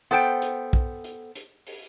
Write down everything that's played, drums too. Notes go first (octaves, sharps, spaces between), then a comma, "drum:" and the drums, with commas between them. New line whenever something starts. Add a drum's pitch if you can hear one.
B3 A4 C5 G5
drum: hi-hat
drum: kick
drum: hi-hat
drum: hi-hat
drum: open hi-hat